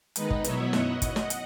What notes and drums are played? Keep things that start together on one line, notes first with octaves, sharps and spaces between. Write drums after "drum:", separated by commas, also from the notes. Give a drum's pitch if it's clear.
D#3 G#3 B3 D#4 B4 D#5, drum: hi-hat
drum: kick
B2 F#3 B3 E4 C#5 E5, drum: hi-hat
F#2 D#5 F#5, drum: snare
drum: kick, hi-hat
drum: snare
drum: hi-hat